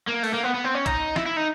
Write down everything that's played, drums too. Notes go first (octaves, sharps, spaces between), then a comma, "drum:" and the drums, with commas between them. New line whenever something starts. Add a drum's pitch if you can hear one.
A#3
A3, drum: open hi-hat
A#3
B3
B3
C4
C#4
D#4, drum: kick, hi-hat
E4, drum: snare
E4
D#4